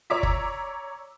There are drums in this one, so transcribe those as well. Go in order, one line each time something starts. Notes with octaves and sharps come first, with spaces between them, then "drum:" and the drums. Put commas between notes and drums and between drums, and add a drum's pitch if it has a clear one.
C#5 D5 A#5 D6 E6 B6
drum: kick F#1